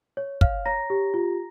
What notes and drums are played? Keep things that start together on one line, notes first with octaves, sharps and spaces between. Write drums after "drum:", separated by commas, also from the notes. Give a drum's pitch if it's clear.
C#5
C#5 F5 F6, drum: kick
C#5 A#5 A#6
G4
F4